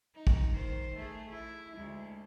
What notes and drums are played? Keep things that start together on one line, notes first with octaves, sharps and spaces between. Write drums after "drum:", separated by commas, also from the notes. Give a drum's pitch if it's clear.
D#4
drum: kick
D#3 C5
A3 G#4
E4
D2 G#3